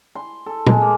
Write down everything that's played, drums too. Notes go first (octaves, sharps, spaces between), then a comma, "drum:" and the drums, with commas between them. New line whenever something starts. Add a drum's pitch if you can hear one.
C6
A4
G#3, drum: tom A#2
A#3